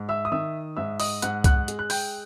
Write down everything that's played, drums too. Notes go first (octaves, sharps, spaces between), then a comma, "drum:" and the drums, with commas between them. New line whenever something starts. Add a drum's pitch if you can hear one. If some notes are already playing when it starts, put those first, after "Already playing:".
Already playing: G#2
E5 E6
D#6
D#3 E5 E6
G#2 E5 E6
D#5 D#6, drum: open hi-hat
G#2 F#5 F#6, drum: hi-hat
F#5 F#6, drum: kick C2, hi-hat
G#3, drum: hi-hat
F#6
G5 G6, drum: open hi-hat